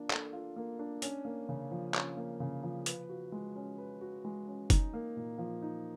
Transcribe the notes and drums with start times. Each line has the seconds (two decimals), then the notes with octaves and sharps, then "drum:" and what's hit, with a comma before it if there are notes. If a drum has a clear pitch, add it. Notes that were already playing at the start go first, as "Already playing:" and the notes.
Already playing: A#3 D4 F4
0.11 A4, drum: clap
0.33 F4
0.56 A#3
0.79 D4
1.02 C#4, drum: hi-hat
1.25 A#3
1.49 C#3
1.71 F3
1.94 C#4, drum: clap
2.17 A#3
2.40 C#3
2.63 F3
2.86 B4, drum: hi-hat
3.09 F#4
3.32 G#3
3.56 C#4
3.78 B4
4.01 F#4
4.25 G#3
4.48 C#4
4.70 D#4, drum: kick F#1, hi-hat
4.94 A#3
5.17 A#2
5.38 F3
5.62 D#4